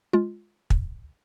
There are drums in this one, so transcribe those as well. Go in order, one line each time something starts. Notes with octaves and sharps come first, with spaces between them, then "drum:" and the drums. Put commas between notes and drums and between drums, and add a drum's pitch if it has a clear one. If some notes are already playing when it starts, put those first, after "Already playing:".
G#3 F4
drum: kick